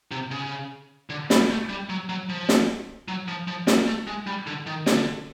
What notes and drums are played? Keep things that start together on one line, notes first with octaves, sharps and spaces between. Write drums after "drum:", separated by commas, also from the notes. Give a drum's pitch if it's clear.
C3
C#3
D3
G3, drum: snare
A3
G3
F#3
F#3
F3
drum: snare
F#3
F3
F3
A#3, drum: snare
A3
G#3
G3
D3
D#3
D3, drum: snare